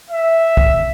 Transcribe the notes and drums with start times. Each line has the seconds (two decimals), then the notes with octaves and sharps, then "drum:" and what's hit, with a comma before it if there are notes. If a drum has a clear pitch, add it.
0.10 E5
0.57 drum: kick